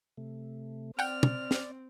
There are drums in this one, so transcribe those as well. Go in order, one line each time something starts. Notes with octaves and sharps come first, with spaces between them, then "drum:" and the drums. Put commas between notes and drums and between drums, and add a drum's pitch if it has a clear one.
C3 A3
C4 D5 F#5 G5 F6, drum: tambourine
drum: tom
drum: snare